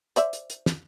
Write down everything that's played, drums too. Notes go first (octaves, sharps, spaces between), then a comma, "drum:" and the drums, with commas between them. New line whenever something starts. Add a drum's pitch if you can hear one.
C5 D5 E5, drum: hi-hat
drum: hi-hat
drum: hi-hat
drum: snare